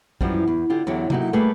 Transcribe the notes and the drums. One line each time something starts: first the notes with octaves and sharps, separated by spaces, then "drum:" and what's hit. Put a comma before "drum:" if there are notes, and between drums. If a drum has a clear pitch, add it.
F#2 E3 F3 G3, drum: kick
E2
D3 F4 G4
E2 D3 F#3 G4 C#5 E5
F#3 A#3 D#4 E4 F#4 G4, drum: tom C3
G3 A3 A#3 G4 G#4 B4